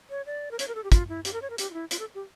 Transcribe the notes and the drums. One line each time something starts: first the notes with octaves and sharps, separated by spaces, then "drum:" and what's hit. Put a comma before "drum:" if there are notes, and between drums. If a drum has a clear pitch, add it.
C#5
D5
A#4
C#5, drum: hi-hat
A#4
A4
G4
F4, drum: kick, hi-hat
E4
G4, drum: hi-hat
A#4
C#5
A#4
G4, drum: hi-hat
F4
E4
F4, drum: hi-hat
A4
G4